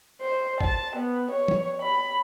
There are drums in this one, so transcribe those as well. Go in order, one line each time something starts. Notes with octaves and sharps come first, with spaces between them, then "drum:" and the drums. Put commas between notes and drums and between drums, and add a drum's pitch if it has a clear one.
C5
A5, drum: kick A1
B3
C#5
drum: tom F3
B5